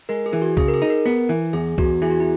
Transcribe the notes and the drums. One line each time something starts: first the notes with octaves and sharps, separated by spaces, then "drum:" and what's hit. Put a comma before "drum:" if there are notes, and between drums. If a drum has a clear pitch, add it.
G#3 A#4
G#4
E3
F#4
C#3 G#4, drum: kick C2
A#4
G#4
D#4
A#4
B3
E3
E2 G#4
E2 F#4, drum: kick C2
E3 G#4
F#4
E4